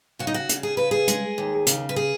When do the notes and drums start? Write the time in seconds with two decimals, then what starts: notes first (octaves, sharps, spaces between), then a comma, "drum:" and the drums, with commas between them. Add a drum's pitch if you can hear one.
0.19 C#3 F#4
0.27 D#4
0.34 F#4
0.49 C#3, drum: hi-hat
0.63 G#4
0.77 C#3 B4
0.91 G#4
1.08 G#3, drum: hi-hat
1.38 D#2
1.67 C#3, drum: hi-hat
1.89 B4
1.96 G#4